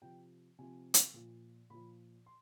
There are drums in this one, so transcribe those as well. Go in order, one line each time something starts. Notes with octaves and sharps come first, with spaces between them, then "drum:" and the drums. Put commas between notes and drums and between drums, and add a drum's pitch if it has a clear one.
C3 F3 G5
C3 F3 G#5
drum: hi-hat
A#2 F3
A#2 F3 B5
C6